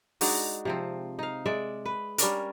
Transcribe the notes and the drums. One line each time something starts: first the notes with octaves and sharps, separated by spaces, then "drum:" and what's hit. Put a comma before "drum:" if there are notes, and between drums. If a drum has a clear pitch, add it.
G#3 D4 D#4 F#4, drum: open hi-hat
C3 F3 C4
D#4 F5
G#3 D5 E5
B4
G3 C#4 D4 A#4, drum: hi-hat